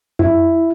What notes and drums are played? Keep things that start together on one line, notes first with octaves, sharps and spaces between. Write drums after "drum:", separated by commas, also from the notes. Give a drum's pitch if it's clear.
E4, drum: tom F2